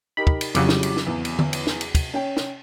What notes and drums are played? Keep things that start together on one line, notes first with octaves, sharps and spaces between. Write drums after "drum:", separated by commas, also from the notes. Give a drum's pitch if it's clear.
D#4 G4 A#4 B5
drum: kick
drum: cymbal
F2 C#3 E3 F#3 G3 D6, drum: cymbal
drum: snare
drum: cymbal
drum: snare
E2
drum: cymbal
drum: tom D3
drum: cymbal
drum: snare
drum: cymbal
drum: kick, cymbal
C#4 G5
drum: snare